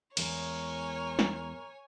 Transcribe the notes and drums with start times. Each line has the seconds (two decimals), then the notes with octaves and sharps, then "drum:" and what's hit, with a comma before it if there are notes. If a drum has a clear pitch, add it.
0.17 E2 G#3 A#4 C#5 G#5, drum: cymbal
1.19 drum: snare